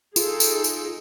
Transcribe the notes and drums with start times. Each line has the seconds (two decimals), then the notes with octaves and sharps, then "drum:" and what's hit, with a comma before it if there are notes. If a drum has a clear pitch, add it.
0.16 D#4 F4 G#4 A4, drum: tambourine
0.40 drum: tambourine
0.64 drum: tambourine